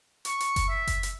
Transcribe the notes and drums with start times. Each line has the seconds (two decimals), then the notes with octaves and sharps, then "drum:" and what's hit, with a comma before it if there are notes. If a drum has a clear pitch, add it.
0.25 C#6, drum: hi-hat
0.40 drum: hi-hat
0.56 drum: kick F#1, hi-hat
0.68 E5
0.87 drum: kick F#1, hi-hat
1.03 drum: hi-hat